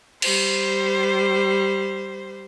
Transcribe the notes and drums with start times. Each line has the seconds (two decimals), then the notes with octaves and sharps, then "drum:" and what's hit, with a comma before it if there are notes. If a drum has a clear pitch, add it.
0.22 G3 C5, drum: cymbal